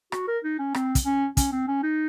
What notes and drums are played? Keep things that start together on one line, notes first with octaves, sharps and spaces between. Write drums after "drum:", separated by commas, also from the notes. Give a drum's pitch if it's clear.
F#4, drum: rim click
A#4
D#4
C#4
C4, drum: rim click
drum: kick, hi-hat
C#4
C#4, drum: kick, hi-hat
C4
C#4
D#4